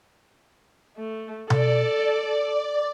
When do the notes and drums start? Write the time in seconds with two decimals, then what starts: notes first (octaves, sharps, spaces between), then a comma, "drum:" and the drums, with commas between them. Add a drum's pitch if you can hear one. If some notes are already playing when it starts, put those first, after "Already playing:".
0.98 A3
1.50 A4 D5, drum: tom B2